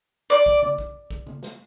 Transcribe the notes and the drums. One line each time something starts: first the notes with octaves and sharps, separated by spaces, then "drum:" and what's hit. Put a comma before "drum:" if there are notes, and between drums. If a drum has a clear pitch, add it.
D5
drum: kick
drum: tom C#3
drum: kick
drum: kick
drum: tom C#3
drum: snare